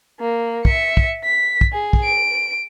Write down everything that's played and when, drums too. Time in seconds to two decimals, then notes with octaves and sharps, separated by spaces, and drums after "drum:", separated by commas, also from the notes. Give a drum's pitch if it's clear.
0.20 A#3
0.65 E5 C#7, drum: kick
0.97 drum: kick
1.24 B6
1.61 drum: kick
1.73 G#4
1.93 drum: kick
2.04 D7